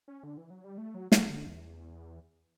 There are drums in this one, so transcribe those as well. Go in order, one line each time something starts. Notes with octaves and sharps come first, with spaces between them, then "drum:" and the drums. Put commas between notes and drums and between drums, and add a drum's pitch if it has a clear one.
C#4
D3
E3
F#3
G3
A3
F#3
F#3, drum: snare
D3
E2